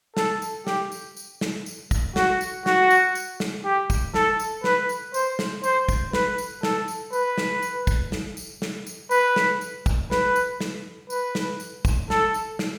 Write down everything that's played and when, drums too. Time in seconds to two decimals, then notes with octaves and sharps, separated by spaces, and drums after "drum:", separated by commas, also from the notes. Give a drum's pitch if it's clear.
0.17 A4, drum: snare
0.42 drum: tambourine
0.67 G4, drum: snare
0.92 drum: tambourine
1.17 drum: tambourine
1.41 drum: snare
1.66 drum: tambourine
1.91 drum: kick, tambourine
2.16 F#4, drum: snare
2.41 drum: tambourine
2.66 F#4, drum: snare
2.90 drum: tambourine
3.15 drum: tambourine
3.40 drum: snare
3.65 G4
3.90 drum: kick, tambourine
4.14 A4, drum: snare
4.39 drum: tambourine
4.64 B4, drum: snare
4.89 drum: tambourine
5.14 C5, drum: tambourine
5.39 drum: snare
5.64 C5, drum: tambourine
5.89 drum: kick, tambourine
6.13 B4, drum: snare
6.38 drum: tambourine
6.63 A4, drum: snare
6.88 drum: tambourine
7.13 B4, drum: tambourine
7.38 drum: snare
7.62 drum: tambourine
7.87 drum: kick, tambourine
8.12 drum: snare
8.37 drum: tambourine
8.62 drum: snare
8.87 drum: tambourine
9.11 B4, drum: tambourine
9.36 drum: snare
9.61 drum: tambourine
9.86 drum: kick, tambourine
10.11 B4, drum: snare
10.36 drum: tambourine
10.61 drum: snare
11.10 B4, drum: tambourine
11.35 drum: snare
11.60 drum: tambourine
11.85 drum: kick, tambourine
12.10 A4, drum: snare
12.34 drum: tambourine
12.59 drum: snare